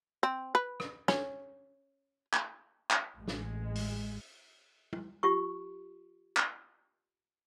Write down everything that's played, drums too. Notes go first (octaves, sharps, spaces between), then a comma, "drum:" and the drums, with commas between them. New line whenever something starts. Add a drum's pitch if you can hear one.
C4
B4
drum: rim click
C#4, drum: snare
drum: clap
drum: clap
A1 G#3
drum: snare
drum: open hi-hat
drum: tom
F4 G4 C#6
drum: clap